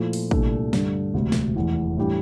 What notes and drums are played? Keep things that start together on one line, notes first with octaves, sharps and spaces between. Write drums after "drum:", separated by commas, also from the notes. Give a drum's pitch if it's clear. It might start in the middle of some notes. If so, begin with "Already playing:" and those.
Already playing: A#2 F3 A3 E4
drum: open hi-hat
C2 A#2 A3 D4, drum: kick
G2 D3 A3 D4, drum: snare
E1 D2 C3
drum: snare
F1 E2 E3
A2 E3 G3 D4 G4